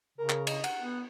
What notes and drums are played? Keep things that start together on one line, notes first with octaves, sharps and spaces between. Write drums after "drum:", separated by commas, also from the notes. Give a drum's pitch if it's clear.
C#3 A#4
drum: clap
D#5, drum: cymbal
F#5, drum: cymbal
B3